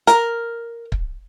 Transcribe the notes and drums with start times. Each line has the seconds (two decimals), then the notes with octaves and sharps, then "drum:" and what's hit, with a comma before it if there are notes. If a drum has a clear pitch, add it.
0.07 A#4, drum: hi-hat
0.92 drum: kick